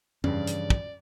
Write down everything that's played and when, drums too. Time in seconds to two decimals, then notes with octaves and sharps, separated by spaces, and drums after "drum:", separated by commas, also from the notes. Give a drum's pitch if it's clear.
0.24 G2 C#3 E3 F3 C#4 D5, drum: tom F2
0.47 drum: hi-hat
0.70 drum: kick